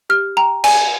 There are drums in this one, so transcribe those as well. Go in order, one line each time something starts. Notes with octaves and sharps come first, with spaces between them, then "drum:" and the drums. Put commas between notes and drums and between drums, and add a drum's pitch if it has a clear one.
G4 F6
G5 A#5
D5 G#5, drum: cymbal